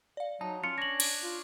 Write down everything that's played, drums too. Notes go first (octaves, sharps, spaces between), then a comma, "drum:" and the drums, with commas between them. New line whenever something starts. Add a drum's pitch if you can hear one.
D5 F5
F#3 D#4 A5
C#4 F4 C#7
D4 C#5 A#6 F#7
drum: cymbal
F4